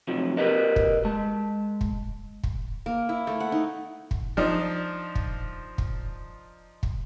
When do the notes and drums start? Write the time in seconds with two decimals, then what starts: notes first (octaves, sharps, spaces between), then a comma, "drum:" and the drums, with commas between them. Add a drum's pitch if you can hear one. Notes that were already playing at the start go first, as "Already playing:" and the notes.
0.08 C3 F3 F#3
0.37 G4 A#4 B4 D#5
0.76 drum: kick
1.05 G#3 A5
1.81 drum: kick
2.43 drum: kick
2.86 A#3
3.09 E4
3.27 A3
3.40 F#5
3.52 D#4
4.11 drum: kick
4.37 F3 D4 D#4
5.15 drum: kick
5.78 drum: kick
6.83 drum: kick